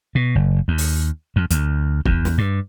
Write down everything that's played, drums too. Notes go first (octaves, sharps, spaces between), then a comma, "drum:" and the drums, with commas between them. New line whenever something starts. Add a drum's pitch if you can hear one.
B2
F#1
D#2
drum: open hi-hat
F2
D2, drum: hi-hat
E2, drum: kick
drum: snare
G2